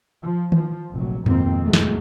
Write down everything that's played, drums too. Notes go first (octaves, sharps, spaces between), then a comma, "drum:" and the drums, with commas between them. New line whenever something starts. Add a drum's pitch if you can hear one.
F3
F3, drum: tom D#3
F1 A#1 F#3
F2 G#2 B2 D#3 A#3 C4, drum: tom G2
G#1 E2 F#3 G#3 A3
drum: snare